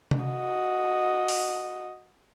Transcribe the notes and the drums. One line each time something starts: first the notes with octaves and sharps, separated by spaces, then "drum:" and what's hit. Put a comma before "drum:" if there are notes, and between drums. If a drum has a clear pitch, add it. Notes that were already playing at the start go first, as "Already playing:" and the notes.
drum: tom C3
F#4 D#5
drum: open hi-hat